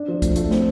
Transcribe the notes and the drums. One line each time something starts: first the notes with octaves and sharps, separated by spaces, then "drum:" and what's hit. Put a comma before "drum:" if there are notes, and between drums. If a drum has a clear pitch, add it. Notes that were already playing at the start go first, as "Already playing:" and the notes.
Already playing: D4
F3
A3, drum: kick B1, hi-hat
A3, drum: hi-hat
C4, drum: snare